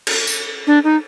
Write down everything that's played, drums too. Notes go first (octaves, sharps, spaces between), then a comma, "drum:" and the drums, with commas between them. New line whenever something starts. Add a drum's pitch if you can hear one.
drum: cymbal
drum: tambourine
D4
D#4